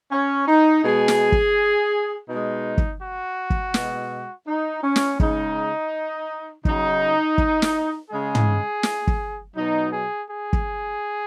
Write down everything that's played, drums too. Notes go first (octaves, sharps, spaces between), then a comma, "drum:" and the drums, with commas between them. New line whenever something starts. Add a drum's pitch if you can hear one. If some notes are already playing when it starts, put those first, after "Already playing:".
C#4
D#4
B2 G#3 G#4
drum: snare
drum: kick
B2 G#3 D#4
drum: kick
F#4
drum: kick
B2 G#3, drum: snare
D#4
C#4
drum: snare
C#3 G#3 D#4, drum: kick
C#3 F#3 D#4, drum: kick
drum: kick
drum: snare
C#3 G#3 G#4
drum: tom
drum: snare
drum: kick
B2 F#3 D#4
G#4
G#4
drum: kick